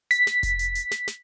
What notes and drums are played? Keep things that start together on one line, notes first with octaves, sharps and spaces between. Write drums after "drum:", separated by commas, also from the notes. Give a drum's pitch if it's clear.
B6, drum: hi-hat
drum: snare
drum: kick F1, hi-hat
drum: hi-hat
drum: hi-hat
drum: snare
drum: snare